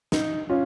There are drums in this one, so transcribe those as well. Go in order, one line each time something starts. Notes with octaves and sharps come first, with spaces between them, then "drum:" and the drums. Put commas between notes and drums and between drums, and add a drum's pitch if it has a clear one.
D#4, drum: snare
C#4 F4